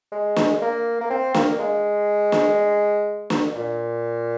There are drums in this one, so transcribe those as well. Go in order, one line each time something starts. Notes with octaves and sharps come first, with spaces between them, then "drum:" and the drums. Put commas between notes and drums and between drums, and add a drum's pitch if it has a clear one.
G#3
drum: snare
A#3
A#3
C4
A#3, drum: snare
G#3
drum: snare
drum: snare
A#2